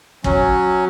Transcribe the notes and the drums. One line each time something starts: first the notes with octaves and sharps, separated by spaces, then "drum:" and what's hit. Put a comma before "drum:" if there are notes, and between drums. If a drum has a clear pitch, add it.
F#3 C#4, drum: kick